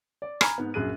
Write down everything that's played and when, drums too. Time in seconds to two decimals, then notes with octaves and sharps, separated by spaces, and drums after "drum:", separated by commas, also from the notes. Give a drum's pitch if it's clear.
0.22 D5
0.41 G#5 A#5 B5 F6 G#6, drum: rim click
0.58 G#2 B3
0.74 A#1 F#2 G#4 F#6 D#7